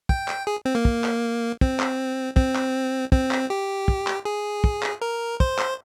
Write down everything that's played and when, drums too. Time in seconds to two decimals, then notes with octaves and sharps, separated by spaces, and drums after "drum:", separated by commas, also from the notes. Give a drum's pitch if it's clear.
0.09 G5, drum: kick
0.28 drum: clap
0.47 G#4
0.65 C4
0.75 A#3
0.85 drum: kick
1.04 drum: clap
1.61 C4, drum: kick
1.80 drum: clap
2.36 C4, drum: kick
2.55 drum: clap
3.12 C4, drum: kick
3.31 drum: clap
3.50 G4
3.88 drum: kick
4.07 drum: clap
4.25 G#4
4.64 drum: kick
4.83 drum: clap
5.02 A#4
5.40 C5, drum: kick
5.58 drum: clap